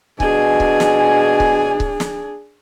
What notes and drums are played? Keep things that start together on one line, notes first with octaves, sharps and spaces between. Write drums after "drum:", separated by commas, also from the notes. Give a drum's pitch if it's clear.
B2 D4 G#4 G#5, drum: kick C#1
drum: kick C#1
drum: snare
drum: kick C#1
drum: kick C#1
drum: snare